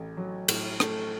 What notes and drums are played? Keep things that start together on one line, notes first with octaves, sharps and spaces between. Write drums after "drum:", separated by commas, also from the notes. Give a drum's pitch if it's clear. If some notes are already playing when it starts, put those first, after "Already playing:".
Already playing: A1 A3
F#3
A2, drum: cymbal
A3, drum: rim click